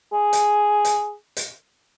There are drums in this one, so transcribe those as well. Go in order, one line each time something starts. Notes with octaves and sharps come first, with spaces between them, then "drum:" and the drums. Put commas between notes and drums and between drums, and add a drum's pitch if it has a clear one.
G#4
drum: hi-hat
drum: hi-hat
drum: hi-hat